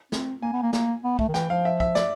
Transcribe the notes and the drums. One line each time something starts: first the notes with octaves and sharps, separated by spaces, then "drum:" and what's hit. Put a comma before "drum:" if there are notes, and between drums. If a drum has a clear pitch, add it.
C4, drum: snare
A#3 G#5
B3
A#3
A#3, drum: snare
B3
A3, drum: kick
D#3
E3 G5, drum: snare
F3 F5
E5
E5, drum: kick
D5, drum: snare